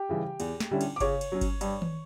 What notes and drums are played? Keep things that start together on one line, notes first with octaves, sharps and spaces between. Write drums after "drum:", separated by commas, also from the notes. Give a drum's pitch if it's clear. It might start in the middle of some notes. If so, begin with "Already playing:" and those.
Already playing: G4 G5
C#3 E3 G3
E2, drum: cymbal
drum: snare
D3 G3 C#4 E4
drum: cymbal
D6
C#3 C#5 C#6, drum: kick G1, cymbal
drum: cymbal
F#3 C#4
drum: kick G1, cymbal
G2, drum: cymbal
drum: tom D#3